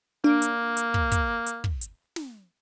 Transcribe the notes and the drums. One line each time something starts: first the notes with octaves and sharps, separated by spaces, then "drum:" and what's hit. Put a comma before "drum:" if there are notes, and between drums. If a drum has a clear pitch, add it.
A#3 D4
drum: hi-hat
drum: hi-hat
drum: kick
drum: kick, hi-hat
drum: hi-hat
drum: kick
drum: hi-hat
drum: snare